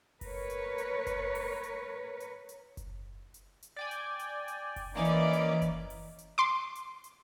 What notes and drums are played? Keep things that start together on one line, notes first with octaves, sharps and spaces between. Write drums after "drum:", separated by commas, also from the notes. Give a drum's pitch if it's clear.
A#4 B4 C#5, drum: kick F#1, open hi-hat
drum: hi-hat
drum: hi-hat
drum: kick F#1, hi-hat
drum: open hi-hat
drum: hi-hat
drum: hi-hat
drum: hi-hat
drum: kick F#1, hi-hat
drum: hi-hat
drum: hi-hat
D5 G5 G#5
drum: hi-hat
drum: hi-hat
drum: hi-hat
drum: kick F#1, open hi-hat
E3 A#3 C#4 D5 D#5 A#5 D6
drum: hi-hat
drum: hi-hat
drum: kick F#1, hi-hat
drum: open hi-hat
drum: hi-hat
C6 D6
drum: hi-hat
drum: hi-hat